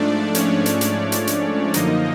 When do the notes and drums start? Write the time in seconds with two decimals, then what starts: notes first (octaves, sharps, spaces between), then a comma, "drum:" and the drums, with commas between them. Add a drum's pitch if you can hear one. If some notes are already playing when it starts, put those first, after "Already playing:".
Already playing: G#2 F3 A3 D4 D5
0.35 C#4 C#5, drum: hi-hat
0.66 drum: hi-hat
0.81 D4 D5, drum: hi-hat
1.12 drum: hi-hat
1.27 drum: hi-hat
1.74 F#2 D3 F3 A#3 D#4 D#5, drum: hi-hat